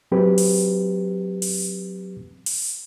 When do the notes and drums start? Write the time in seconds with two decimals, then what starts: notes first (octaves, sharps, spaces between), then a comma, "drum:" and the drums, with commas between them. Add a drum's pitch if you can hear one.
0.12 F#3 C4 G4 B4
0.38 drum: open hi-hat
1.42 drum: open hi-hat
2.46 drum: open hi-hat